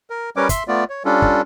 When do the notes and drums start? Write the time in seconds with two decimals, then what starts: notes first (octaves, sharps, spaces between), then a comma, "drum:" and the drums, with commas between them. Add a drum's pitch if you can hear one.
0.10 A#4
0.36 G3 C#4 A#4 B4 C#5 D6
0.49 E5 C6, drum: kick, hi-hat
0.68 A3 B3 F4 D5
0.90 C#5
1.05 G3 C#4 D4 F4 A4
1.22 drum: kick